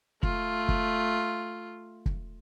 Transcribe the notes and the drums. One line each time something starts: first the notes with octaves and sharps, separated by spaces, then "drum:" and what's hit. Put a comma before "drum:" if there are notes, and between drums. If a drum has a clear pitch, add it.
A3 F4, drum: kick
drum: kick
drum: kick